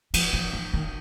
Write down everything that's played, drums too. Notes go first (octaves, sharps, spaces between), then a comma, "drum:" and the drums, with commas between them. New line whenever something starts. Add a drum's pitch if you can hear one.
F3, drum: cymbal
F3
F3
D#3